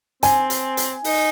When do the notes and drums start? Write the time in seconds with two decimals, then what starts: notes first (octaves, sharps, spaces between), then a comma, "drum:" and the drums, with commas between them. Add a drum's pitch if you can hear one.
0.23 C4 G#5, drum: hi-hat
0.50 drum: hi-hat
0.77 drum: hi-hat
1.04 D#4, drum: open hi-hat